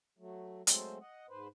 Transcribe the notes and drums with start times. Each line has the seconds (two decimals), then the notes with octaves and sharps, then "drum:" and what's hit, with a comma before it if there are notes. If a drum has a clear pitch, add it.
0.19 F#3 A3
0.67 F#3 G#3 A3 C4 A4 C5, drum: hi-hat
1.01 D#5 F#5
1.29 G#2 B4 C5